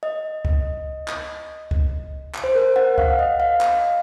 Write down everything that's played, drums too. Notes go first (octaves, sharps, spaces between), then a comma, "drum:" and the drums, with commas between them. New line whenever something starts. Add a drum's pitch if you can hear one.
D#5
drum: kick C#2
drum: clap
drum: kick C#2
drum: clap
C5
A#4
F#5
F5, drum: kick C#2
D#5
F5
drum: clap